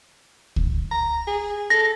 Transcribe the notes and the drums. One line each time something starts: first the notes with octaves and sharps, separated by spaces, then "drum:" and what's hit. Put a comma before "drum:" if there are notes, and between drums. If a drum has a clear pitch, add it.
drum: kick C#2
A#5
G#4
A4 A#6